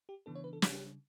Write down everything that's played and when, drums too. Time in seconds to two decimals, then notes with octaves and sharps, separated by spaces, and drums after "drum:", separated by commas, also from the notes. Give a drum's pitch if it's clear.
0.09 G4
0.26 C#3 E3 B3 D4 A4
0.35 C#5
0.44 B4
0.53 A4
0.62 C#3 G3 D4 G4, drum: snare